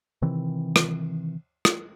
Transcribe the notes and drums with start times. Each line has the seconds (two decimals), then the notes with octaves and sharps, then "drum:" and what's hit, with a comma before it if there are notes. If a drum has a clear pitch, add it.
0.22 C3 D#3 E3 C4
0.76 drum: rim click
1.65 drum: rim click